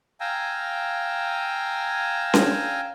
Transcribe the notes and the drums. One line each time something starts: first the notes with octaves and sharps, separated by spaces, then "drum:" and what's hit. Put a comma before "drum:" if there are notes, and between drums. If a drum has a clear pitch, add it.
F5 G5 G#5 A#5 E6
drum: snare C#4